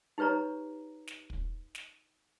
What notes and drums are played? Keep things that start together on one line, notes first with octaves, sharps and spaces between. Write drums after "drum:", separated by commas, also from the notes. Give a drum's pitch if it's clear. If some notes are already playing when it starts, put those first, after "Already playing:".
D#4 G4 B4 C#5 A#5
drum: snare
drum: kick
drum: snare